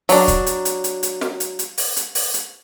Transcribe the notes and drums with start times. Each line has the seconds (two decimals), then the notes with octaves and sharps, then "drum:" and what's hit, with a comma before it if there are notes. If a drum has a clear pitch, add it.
0.09 F#3 D4, drum: open hi-hat
0.28 drum: kick, hi-hat
0.46 drum: hi-hat
0.65 drum: hi-hat
0.84 drum: hi-hat
1.03 drum: hi-hat
1.21 drum: snare
1.40 drum: hi-hat
1.59 drum: hi-hat
1.78 drum: open hi-hat
1.96 drum: hi-hat
2.15 drum: open hi-hat
2.34 drum: hi-hat